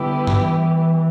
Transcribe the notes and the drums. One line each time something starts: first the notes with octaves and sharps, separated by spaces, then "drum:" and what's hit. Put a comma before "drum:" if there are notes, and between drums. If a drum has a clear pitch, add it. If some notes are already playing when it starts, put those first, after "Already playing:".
Already playing: D3 G3 B3 E4 G4 B4
drum: tom G2
E3